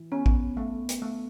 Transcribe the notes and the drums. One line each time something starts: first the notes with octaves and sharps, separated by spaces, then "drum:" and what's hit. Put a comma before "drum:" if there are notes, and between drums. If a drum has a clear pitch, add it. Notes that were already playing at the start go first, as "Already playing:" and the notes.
Already playing: E3
B3 C#4
drum: kick A1
A3
drum: hi-hat
A3